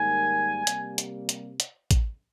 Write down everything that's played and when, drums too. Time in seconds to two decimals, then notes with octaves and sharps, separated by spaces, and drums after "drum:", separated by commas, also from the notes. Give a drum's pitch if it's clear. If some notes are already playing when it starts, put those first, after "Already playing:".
Already playing: G#2 D#3 G3 A#3 G#5
0.67 C3 G3 A#3, drum: hi-hat
0.98 drum: hi-hat
1.29 drum: hi-hat
1.60 drum: hi-hat
1.91 drum: kick, hi-hat